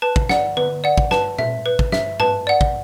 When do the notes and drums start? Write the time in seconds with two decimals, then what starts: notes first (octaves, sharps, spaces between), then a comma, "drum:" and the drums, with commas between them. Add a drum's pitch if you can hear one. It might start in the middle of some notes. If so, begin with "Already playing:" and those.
0.02 B4 A5
0.16 drum: kick
0.29 D5 F#5, drum: snare
0.57 B4, drum: tom D3
0.84 D5 F#5
0.97 drum: kick
1.11 B4 A5, drum: snare
1.39 E5, drum: tom A#2
1.66 B4
1.79 drum: kick
1.92 E5, drum: snare
2.20 B4 A5, drum: tom G#2
2.47 D5 F#5
2.61 drum: kick